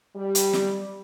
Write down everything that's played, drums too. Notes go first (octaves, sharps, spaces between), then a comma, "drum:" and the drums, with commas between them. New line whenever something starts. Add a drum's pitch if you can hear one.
G3
drum: hi-hat
drum: snare